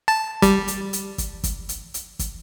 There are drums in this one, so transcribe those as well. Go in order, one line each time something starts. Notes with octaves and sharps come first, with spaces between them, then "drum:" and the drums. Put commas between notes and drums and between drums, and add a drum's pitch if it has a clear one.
A5
G3, drum: kick, hi-hat
drum: hi-hat
drum: hi-hat
drum: kick, hi-hat
drum: kick, hi-hat
drum: hi-hat
drum: hi-hat
drum: kick, hi-hat